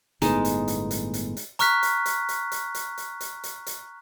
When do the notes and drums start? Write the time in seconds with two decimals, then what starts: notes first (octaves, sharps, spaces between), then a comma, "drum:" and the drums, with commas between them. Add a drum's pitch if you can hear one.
0.22 G1 A2 G#3 B3 D#4 A5, drum: hi-hat
0.45 drum: hi-hat
0.68 drum: hi-hat
0.91 drum: hi-hat
1.14 drum: hi-hat
1.37 drum: hi-hat
1.59 A#5 C#6 F6 F#6 B6, drum: hi-hat
1.83 drum: hi-hat
2.06 drum: hi-hat
2.29 drum: hi-hat
2.52 drum: hi-hat
2.75 drum: hi-hat
2.98 drum: hi-hat
3.21 drum: hi-hat
3.44 drum: hi-hat
3.67 drum: hi-hat